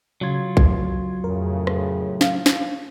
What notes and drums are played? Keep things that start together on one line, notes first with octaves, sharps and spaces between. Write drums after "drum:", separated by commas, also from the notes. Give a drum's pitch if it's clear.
C#3 F#3 F4 G#6
drum: kick A#1
F2 A2 C#3 A#4
drum: rim click
F5, drum: snare
drum: snare